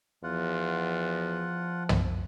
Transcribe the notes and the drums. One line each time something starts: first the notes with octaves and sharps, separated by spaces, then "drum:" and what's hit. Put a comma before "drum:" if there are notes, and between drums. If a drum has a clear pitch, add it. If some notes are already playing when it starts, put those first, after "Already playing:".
E2 F3 F4 F#5
drum: tom